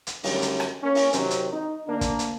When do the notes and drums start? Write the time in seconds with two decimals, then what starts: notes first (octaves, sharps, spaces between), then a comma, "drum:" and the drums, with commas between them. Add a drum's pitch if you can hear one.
0.07 drum: hi-hat
0.24 F#2 D3 D#3 F#3 G3 A3, drum: open hi-hat
0.42 drum: hi-hat
0.60 drum: rim click
0.83 A#3 C#4
0.95 drum: open hi-hat
1.13 C3 D#3 F#3 C4, drum: hi-hat
1.30 drum: hi-hat
1.52 D#4
1.87 D2 A#3 D4
2.01 drum: kick, hi-hat
2.19 drum: hi-hat